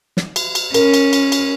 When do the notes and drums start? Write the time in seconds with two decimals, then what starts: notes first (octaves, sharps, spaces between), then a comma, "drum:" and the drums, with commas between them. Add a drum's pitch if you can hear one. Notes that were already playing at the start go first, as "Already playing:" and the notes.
0.17 drum: snare
0.36 drum: cymbal
0.55 drum: cymbal
0.74 C#4 A#4, drum: cymbal
0.94 drum: cymbal
1.13 drum: cymbal
1.32 drum: cymbal